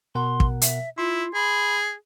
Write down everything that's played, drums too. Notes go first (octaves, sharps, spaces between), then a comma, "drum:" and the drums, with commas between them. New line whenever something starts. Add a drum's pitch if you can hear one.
B2 A#4 F#5 C6
drum: kick
E5, drum: hi-hat
E4 F4 C6
G#4 B5